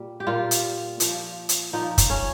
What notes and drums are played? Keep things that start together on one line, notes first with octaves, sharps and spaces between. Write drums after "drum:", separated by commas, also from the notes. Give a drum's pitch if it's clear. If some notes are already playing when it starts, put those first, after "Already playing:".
Already playing: A#2 G3
G4
A#2 G3 F4
drum: hi-hat
A#2 F3, drum: hi-hat
drum: hi-hat
A#2 F3 D#4
drum: kick, hi-hat
C#4